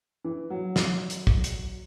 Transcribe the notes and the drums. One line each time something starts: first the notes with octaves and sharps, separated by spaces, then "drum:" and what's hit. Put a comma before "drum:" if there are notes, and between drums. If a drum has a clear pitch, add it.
E3
F#3
drum: snare
drum: hi-hat
drum: kick
drum: hi-hat